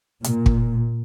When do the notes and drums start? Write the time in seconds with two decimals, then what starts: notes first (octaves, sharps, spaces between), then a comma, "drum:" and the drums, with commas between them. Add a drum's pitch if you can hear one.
0.24 A#2, drum: hi-hat
0.46 drum: kick